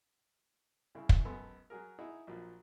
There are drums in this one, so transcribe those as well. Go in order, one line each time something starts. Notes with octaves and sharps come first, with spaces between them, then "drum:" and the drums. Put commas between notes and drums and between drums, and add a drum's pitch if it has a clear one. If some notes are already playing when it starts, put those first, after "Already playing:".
C2 C#3 E4
drum: kick
G#1 F#2 B3 A4 G#5 C6
F#3 F#4 G#4 A#4
D#4 E4 F#4 G#4
A#1 F3 F#3